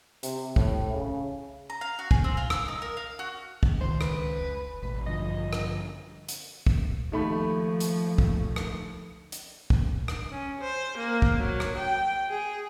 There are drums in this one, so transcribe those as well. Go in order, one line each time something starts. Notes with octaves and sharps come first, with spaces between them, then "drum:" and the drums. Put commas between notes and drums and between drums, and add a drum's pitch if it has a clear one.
C3, drum: hi-hat
A2, drum: kick
C#3
A#5
F5
F#4
G#4, drum: kick
C4
F4
E6, drum: rim click
D#4
A#4
F5
F#4
drum: kick
C#2 D#3 C5
B4, drum: rim click
F1
E1 A1 B4
G2 D3 F3 D#5
drum: rim click
drum: hi-hat
drum: kick
D#2 F3 A3 B5
drum: hi-hat
drum: kick
drum: rim click
drum: hi-hat
drum: kick
drum: rim click
C#4
C5
A#3
drum: kick
F#3
drum: rim click
G5
G#4